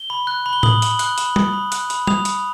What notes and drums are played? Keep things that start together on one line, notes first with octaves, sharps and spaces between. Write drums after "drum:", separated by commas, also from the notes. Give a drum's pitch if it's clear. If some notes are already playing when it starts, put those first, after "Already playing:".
Already playing: G7
B5
F#6
B5
G7
D#6 F#7, drum: tom A2
B5, drum: hi-hat
F#6, drum: hi-hat
B5, drum: hi-hat
D#6, drum: tom
B5
F#6, drum: hi-hat
B5, drum: hi-hat
D#6 F7, drum: tom
B5, drum: hi-hat